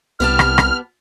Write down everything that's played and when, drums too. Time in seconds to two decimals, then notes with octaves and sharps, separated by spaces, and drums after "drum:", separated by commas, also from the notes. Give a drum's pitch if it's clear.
0.20 C2 B3 G4 A5 F6
0.39 drum: rim click
0.58 drum: rim click